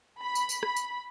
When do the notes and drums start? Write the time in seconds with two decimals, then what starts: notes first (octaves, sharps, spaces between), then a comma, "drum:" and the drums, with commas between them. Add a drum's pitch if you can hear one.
0.22 B5
0.35 drum: tambourine
0.49 drum: tambourine
0.63 drum: rim click
0.76 drum: tambourine